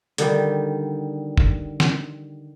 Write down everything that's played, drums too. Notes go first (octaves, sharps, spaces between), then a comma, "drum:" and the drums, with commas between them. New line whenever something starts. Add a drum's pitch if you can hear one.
D3 D#3 G3, drum: hi-hat
drum: kick F#1
drum: snare